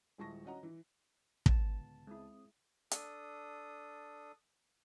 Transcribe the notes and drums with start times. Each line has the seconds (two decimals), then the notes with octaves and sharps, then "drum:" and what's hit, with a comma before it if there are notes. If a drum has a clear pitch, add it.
0.18 D#1 G#3 E4 A5 C#6 A#6
0.45 C#4 F#4 D#5 F#5 A#5
0.63 E3
1.46 C#2 A2 D3 B3 A5, drum: kick
2.07 G#3 C4 E4 D#6
2.91 D4 A4 D#6, drum: hi-hat